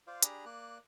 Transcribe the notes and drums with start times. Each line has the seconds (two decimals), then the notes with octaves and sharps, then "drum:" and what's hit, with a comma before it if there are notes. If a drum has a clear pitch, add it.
0.07 F4 C5 D5 F5
0.23 D4 G4 G#4 A#5 B5, drum: hi-hat
0.45 A#3 D5 F#6